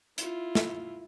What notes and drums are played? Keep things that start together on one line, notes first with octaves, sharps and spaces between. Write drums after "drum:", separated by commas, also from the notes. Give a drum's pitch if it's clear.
E4 F4, drum: hi-hat
drum: snare